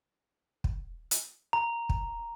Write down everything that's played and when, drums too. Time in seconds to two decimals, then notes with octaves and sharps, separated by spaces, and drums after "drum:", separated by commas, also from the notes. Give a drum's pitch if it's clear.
0.64 drum: kick
1.11 drum: hi-hat
1.53 A#5
1.89 drum: kick